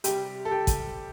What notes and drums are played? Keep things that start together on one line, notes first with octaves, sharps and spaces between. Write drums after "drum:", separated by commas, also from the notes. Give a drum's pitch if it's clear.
C3 G3 G4, drum: hi-hat
A4
G4
drum: kick, hi-hat